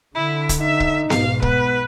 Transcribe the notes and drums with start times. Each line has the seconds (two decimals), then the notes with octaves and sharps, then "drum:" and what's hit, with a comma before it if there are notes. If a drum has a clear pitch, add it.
0.15 D3 E4
0.49 drum: kick, hi-hat
0.61 D#4 E5
0.80 drum: kick
1.10 B1 G#2 F5, drum: snare B3
1.42 B3 B4, drum: kick